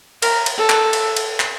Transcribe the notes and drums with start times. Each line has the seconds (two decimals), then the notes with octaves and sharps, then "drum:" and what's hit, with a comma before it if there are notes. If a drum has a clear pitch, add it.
0.22 A#4, drum: cymbal
0.46 drum: cymbal
0.58 A4
0.70 drum: clap
0.93 drum: cymbal
1.16 drum: cymbal
1.40 drum: clap